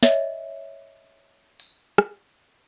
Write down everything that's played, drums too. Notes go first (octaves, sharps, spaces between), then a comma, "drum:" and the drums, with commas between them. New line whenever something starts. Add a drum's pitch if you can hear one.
C#5 D#5 E5, drum: snare
drum: open hi-hat
drum: rim click